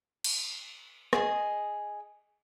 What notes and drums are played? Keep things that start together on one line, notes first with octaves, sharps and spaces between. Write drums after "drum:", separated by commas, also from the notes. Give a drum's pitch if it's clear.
drum: cymbal
G#4 D#5, drum: rim click